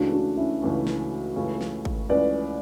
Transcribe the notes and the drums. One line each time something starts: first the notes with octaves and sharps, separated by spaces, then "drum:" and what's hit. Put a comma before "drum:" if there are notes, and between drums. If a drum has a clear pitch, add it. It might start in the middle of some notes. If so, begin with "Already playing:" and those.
Already playing: C#2 C#3 E3 A3 C#4 D4 F#4
D4 F#4
C#4 E4
C#2 C#3 E3 A3 C#4
drum: snare
C#2 C#3 E3 A3 C#4
drum: snare
drum: kick
C#2 C#3 E3 A3 C#4 B4 D5